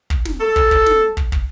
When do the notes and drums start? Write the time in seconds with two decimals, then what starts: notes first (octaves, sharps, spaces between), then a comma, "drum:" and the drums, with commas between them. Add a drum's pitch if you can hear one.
0.10 drum: kick
0.25 drum: snare
0.41 A4
0.56 drum: kick
0.71 drum: kick
0.86 drum: snare
1.17 drum: kick
1.32 drum: kick